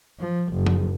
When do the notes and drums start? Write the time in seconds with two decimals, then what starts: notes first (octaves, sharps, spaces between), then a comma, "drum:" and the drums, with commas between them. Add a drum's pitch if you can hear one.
0.20 F3
0.53 F#1
0.67 drum: tom F3